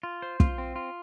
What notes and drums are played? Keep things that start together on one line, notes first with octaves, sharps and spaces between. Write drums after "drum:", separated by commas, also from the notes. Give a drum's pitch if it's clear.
F4
C5
F4, drum: kick
C4
F4